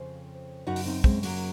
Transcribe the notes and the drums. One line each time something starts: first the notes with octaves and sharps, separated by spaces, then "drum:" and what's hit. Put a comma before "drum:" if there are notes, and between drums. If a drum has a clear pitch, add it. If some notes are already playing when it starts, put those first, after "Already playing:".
Already playing: F2 C#3 C5
F#2 C#3 D#4 F#4
drum: open hi-hat
C4 D#4
G#3 C4, drum: kick
F#3 A#3, drum: open hi-hat